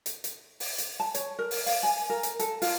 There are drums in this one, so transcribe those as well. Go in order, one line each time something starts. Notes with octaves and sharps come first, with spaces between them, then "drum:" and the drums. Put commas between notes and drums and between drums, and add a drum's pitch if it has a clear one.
drum: hi-hat
drum: hi-hat
drum: open hi-hat
drum: hi-hat
A5
C#5, drum: hi-hat
A#4
drum: open hi-hat
F5, drum: open hi-hat
G#5
A#4
drum: hi-hat
A4, drum: hi-hat
F4, drum: open hi-hat